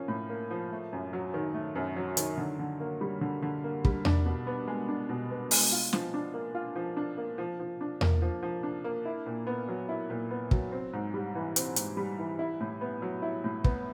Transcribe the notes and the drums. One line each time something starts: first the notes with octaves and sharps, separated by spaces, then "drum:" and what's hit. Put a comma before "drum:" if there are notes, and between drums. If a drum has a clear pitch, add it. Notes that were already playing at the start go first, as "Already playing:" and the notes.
Already playing: F3 A#3 C#4
A2
A#3
F3
A3
F#2
F#3
D#3
A3
F#2
F#3
D#3, drum: hi-hat
D3
D3
A#3
G3
D3
D3
A#3
G3, drum: kick
D4, drum: tom E2
B2
B3
G#3
D4
B2
B3
G#3, drum: open hi-hat
F4
F3, drum: snare
D4
A#3
F4
F3
D4
A#3
F3
F3
D4
A#3, drum: tom E2
F3
F3
D4
A#3
E4
A#2
B3
F#3
E4
A#2
B3
F#3, drum: kick
C4
G#2
G3
E3
C4, drum: hi-hat
G#2, drum: hi-hat
G3
E3
E4
A2
B3
F#3
E4
A2
B3, drum: kick